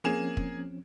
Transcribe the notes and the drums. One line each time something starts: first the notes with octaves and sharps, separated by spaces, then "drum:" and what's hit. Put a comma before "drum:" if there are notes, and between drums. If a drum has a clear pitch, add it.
F3 A#3 C4 C#4 G#4 E7
drum: kick